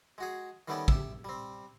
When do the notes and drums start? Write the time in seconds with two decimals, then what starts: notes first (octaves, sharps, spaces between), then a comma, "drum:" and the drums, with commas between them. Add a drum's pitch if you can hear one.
0.18 G#3 F#4 G#4
0.68 D#3 G3 A3 B3 C#4 D5
0.88 G4 E5, drum: kick
1.24 G3 C4